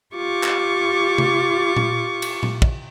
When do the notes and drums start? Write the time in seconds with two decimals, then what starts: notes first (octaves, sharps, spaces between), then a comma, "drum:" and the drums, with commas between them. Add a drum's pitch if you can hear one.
0.15 F4 G4 C#6 D6
0.43 drum: clap
1.18 drum: tom C3
1.76 drum: tom A#2
2.22 drum: cymbal
2.43 drum: tom A#2
2.62 drum: kick